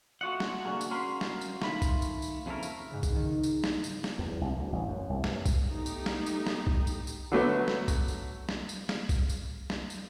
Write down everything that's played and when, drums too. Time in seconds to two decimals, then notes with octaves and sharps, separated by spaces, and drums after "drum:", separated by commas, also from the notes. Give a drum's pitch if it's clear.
0.21 A3 F4 F#4 D#5 F#5
0.40 drum: snare
0.65 D3 A#3 D4 F#4 G#4 A#4
0.81 drum: tambourine
0.91 C#4 F#4 A#4 F5 B5 C6
1.21 drum: snare
1.41 drum: tambourine
1.62 D#3 A3 F4 B5, drum: snare
1.82 drum: kick B1, tambourine
2.02 drum: tambourine
2.22 drum: tambourine
2.46 F2 C#3 A3 B3 E4 A#4
2.63 drum: tambourine
2.91 G#2 C#3
3.03 drum: kick B1, tambourine
3.15 D#3
3.43 drum: tambourine
3.64 drum: snare
3.84 drum: tambourine
4.04 drum: snare
4.19 E2
4.41 C2
4.57 D2
4.73 A1
4.88 F#2
5.10 C2
5.24 G2, drum: snare
5.46 drum: kick B1, tambourine
5.69 A3 B3 D#4 G4
5.86 drum: tambourine
6.06 drum: snare
6.26 drum: tambourine
6.47 drum: snare
6.67 drum: kick B1
6.87 drum: tambourine
7.07 drum: tambourine
7.32 D3 F#3 A3 B3
7.68 drum: snare
7.88 drum: kick B1, tambourine
8.08 drum: tambourine
8.49 drum: snare
8.69 drum: tambourine
8.89 drum: snare
9.09 drum: kick B1, tambourine
9.29 drum: tambourine
9.70 drum: snare
9.90 drum: tambourine